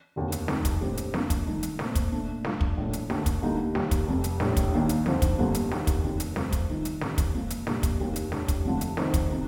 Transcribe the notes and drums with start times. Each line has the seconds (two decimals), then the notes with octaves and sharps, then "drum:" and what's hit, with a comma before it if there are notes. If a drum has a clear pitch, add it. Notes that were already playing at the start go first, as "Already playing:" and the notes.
0.16 F1 D#2 D3
0.32 drum: hi-hat
0.48 F1 F2 D#3 A3 D#4, drum: snare
0.65 drum: kick, hi-hat
0.81 A#1 A2 F3 C4 G4
0.97 drum: hi-hat
1.14 F2 C3 F3 A#3 D4, drum: snare
1.30 drum: kick, hi-hat
1.46 G2 D#3 A3 D#4
1.63 drum: hi-hat
1.79 A#2 A3 C4, drum: snare
1.95 drum: kick, hi-hat
2.12 A#2 A3 D4
2.44 G2 F3 A3 D4 F4, drum: snare
2.61 drum: kick
2.77 A#1 A2 A3
2.93 drum: hi-hat
3.10 D#2 D3 A3 D4, drum: snare
3.26 drum: kick, hi-hat
3.42 D2 D3 G3 A#3 D#4
3.75 D#2 D#3 G3, drum: snare
3.91 drum: kick, hi-hat
4.08 F1 F2 C3
4.24 drum: hi-hat
4.40 A#1 A2 G3, drum: snare
4.57 drum: kick, hi-hat
4.72 D#2 D#3 A#3 D4
4.89 drum: hi-hat
5.06 F2 D3 F3 C4 D#4, drum: snare
5.22 drum: kick, hi-hat
5.38 G1 F2 D3 G3 A#3
5.55 drum: hi-hat
5.71 D#2 D#3 G3, drum: snare
5.87 drum: kick, hi-hat
6.03 F1 D#2 D#3
6.20 drum: hi-hat
6.36 G2 F3 A3 C4 F4, drum: snare
6.52 drum: kick, hi-hat
6.69 G2 D#3 A3 D#4
6.85 drum: hi-hat
7.01 A1 G2 D#3 G3 C4, drum: snare
7.18 drum: kick, hi-hat
7.34 F2 C3 F3 A#3
7.50 drum: hi-hat
7.67 A#1 A#2 G3, drum: snare
7.83 drum: kick, hi-hat
7.99 F1 D#2 D#3 G3
8.16 drum: hi-hat
8.32 A2 G3 D4, drum: snare
8.48 drum: kick, hi-hat
8.64 F1 F2 D3 F3 A3
8.81 drum: hi-hat
8.97 F2 D#3 A3 C4 D#4, drum: snare
9.14 drum: kick, hi-hat
9.32 C3 D#3